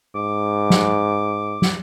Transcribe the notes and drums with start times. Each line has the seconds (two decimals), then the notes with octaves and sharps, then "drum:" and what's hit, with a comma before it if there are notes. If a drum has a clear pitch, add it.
0.15 G#2 D6
0.70 drum: snare
1.62 drum: snare